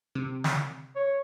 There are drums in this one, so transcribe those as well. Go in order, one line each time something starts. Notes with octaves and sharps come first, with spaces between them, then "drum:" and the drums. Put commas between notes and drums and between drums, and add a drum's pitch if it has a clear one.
C3
drum: snare
C#5